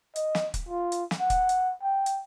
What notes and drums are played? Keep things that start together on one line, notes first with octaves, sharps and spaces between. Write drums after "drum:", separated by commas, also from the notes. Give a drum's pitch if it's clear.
D#5, drum: hi-hat
drum: snare
drum: kick, hi-hat
F4
drum: hi-hat
drum: snare
F#5
drum: kick, hi-hat
drum: hi-hat
G5
drum: hi-hat